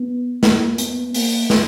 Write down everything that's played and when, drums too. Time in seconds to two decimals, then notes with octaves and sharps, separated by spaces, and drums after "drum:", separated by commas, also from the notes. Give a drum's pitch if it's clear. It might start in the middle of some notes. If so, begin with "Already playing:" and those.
Already playing: B3
0.43 A#3, drum: snare
0.78 B3, drum: hi-hat
1.14 A#3, drum: open hi-hat
1.50 drum: snare